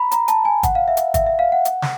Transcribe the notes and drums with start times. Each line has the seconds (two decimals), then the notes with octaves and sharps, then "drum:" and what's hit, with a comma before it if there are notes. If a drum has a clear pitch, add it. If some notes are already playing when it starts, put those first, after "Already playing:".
Already playing: A#5 B5
0.12 A#5, drum: hi-hat
0.28 A5, drum: hi-hat
0.45 G#5
0.63 F#5, drum: kick, hi-hat
0.75 F5
0.88 E5
0.97 drum: hi-hat
1.14 E5, drum: kick, hi-hat
1.26 E5
1.39 F5
1.52 F#5
1.65 drum: hi-hat
1.82 drum: snare